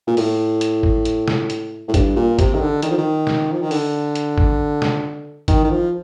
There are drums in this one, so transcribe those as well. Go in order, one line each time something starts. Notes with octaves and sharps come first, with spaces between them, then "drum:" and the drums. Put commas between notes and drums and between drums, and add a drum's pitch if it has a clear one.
A#2
A2, drum: open hi-hat
drum: hi-hat
drum: kick G1
drum: hi-hat
drum: snare
drum: hi-hat
A2
G2, drum: kick G1, hi-hat
A#2
C3, drum: kick G1, hi-hat
D#3
D3
D#3, drum: hi-hat
F3
D#3
drum: snare
F3
D#3
D3, drum: open hi-hat
drum: hi-hat
drum: kick G1
drum: snare
D#3, drum: kick G1, hi-hat
D#3
F3